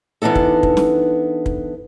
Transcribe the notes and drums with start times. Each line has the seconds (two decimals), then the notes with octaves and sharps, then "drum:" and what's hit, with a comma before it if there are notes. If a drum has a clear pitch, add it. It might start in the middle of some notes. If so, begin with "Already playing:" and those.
0.22 E3 B3 D4 D#4 A4
0.35 drum: kick
0.63 drum: kick
0.77 drum: snare
1.46 drum: kick